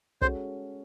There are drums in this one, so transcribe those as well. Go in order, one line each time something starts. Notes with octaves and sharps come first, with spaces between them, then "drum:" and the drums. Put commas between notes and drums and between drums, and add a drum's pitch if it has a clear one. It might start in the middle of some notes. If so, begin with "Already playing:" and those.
G#3 C#4 F#4 A4 C5, drum: kick